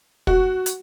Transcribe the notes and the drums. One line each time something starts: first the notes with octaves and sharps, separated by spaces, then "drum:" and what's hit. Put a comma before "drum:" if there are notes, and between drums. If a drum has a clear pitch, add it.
F#4, drum: kick
drum: hi-hat